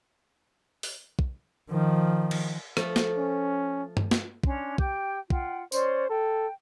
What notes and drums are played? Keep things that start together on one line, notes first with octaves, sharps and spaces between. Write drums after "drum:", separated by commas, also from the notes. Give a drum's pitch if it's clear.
drum: open hi-hat
drum: kick
D#3 F3
drum: cymbal
F3 A3, drum: rim click
drum: snare
C#4
drum: tom G2
drum: snare
C#4 D4 C6, drum: kick
G4 G5 G6, drum: kick
F4 F#5 G5, drum: kick
C#4 C5 D5 C6, drum: tambourine
A4 G5